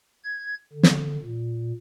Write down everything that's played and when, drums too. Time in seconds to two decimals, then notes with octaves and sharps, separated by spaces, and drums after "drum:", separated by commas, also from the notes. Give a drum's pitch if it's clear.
0.24 G#6
0.73 D3
0.83 drum: snare
1.22 A#2